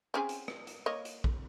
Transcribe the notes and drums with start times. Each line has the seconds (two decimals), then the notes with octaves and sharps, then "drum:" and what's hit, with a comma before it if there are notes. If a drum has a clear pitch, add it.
0.14 C4 C#4 G#4
0.29 drum: hi-hat
0.48 drum: rim click
0.67 drum: hi-hat
0.86 A#3 C#5 D#5
1.05 drum: hi-hat
1.24 drum: kick A#1